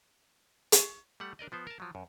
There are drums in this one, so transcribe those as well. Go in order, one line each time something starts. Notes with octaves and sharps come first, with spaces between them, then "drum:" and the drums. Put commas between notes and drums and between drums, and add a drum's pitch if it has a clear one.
drum: hi-hat
G3 A3 F#5
D4 A#4 D5 D#5
F3 B3 C5
A#4 A5
F3 F#3
F#2